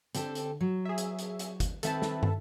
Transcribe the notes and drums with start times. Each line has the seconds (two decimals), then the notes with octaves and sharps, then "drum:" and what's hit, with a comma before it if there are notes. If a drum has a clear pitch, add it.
0.15 D3 C4 G4 A4, drum: hi-hat
0.35 drum: hi-hat
0.61 F#3
0.85 G#4 E5
0.98 drum: hi-hat
1.19 drum: hi-hat
1.39 drum: hi-hat
1.60 drum: kick, hi-hat
1.83 D#3 C4 A4 B4 E5 A5, drum: hi-hat
2.02 drum: snare
2.23 drum: tom